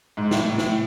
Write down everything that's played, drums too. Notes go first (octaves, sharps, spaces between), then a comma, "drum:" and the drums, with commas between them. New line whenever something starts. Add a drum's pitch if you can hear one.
G#2
A2, drum: snare
A2
A2, drum: snare